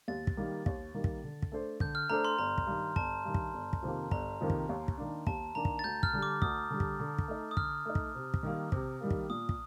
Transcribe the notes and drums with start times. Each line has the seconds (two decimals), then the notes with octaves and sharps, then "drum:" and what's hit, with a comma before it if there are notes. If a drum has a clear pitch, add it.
0.08 D#2 A6
0.27 drum: kick
0.37 D#3 G3 A#3
0.66 D#2, drum: kick
0.94 D#3 G3 A#3
1.04 drum: kick
1.24 D3
1.43 drum: kick
1.52 A3 D4 A4 C5
1.80 D3 G6, drum: kick
1.95 F6
2.10 A3 D4 A4 C5 A#5
2.25 C6
2.38 G1 A#5
2.58 drum: kick
2.67 G2 D#3
2.96 G1 A5, drum: kick
3.25 G2 D#3
3.35 drum: kick
3.54 G1
3.73 drum: kick
3.82 F2 C3 D#3 A#3
4.11 G1 A#5, drum: kick
4.41 F2 C3 D#3 A#3
4.50 drum: kick
4.69 D#2
4.88 drum: kick
4.98 D#3 A#3 D4
5.27 D#2 A5, drum: kick
5.55 D#3 A#3 D4 A#5
5.65 drum: kick
5.79 A6
5.84 D2 G6
6.03 F6, drum: kick
6.13 D3 G3
6.23 D6
6.42 D2 D#6, drum: kick
6.70 D3 G3
6.80 drum: kick
7.00 D3
7.19 drum: kick
7.28 A3 D#4
7.51 D#6
7.57 D3 F6, drum: kick
7.86 A3 D#4
7.95 drum: kick
8.15 C3
8.34 drum: kick
8.43 D#3 G3 A#3
8.72 C3, drum: kick
9.00 D#3 G3 A#3
9.11 drum: kick
9.30 A#2 D#6
9.49 drum: kick